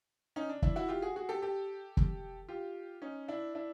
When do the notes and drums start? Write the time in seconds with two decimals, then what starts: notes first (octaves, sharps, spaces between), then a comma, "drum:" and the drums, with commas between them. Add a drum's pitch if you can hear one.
0.36 C#4 D#4
0.49 D4
0.62 D4 E4, drum: kick
0.76 E4 F#4
0.89 F4 G4
1.02 F#4 G#4
1.16 F#4 G#4
1.29 G4 A4
1.42 G4 A4
1.97 drum: kick
2.48 F4 G4
3.02 C#4 D#4
3.28 D4 E4
3.55 D4 E4